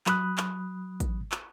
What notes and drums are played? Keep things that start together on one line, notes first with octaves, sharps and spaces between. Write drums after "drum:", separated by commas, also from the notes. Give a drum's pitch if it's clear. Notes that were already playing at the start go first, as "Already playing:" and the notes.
F#3 B5 D#6 F#6, drum: clap
drum: clap
drum: kick, hi-hat
drum: clap